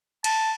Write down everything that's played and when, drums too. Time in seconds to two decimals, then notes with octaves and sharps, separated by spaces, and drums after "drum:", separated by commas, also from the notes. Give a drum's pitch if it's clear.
0.24 A5, drum: cymbal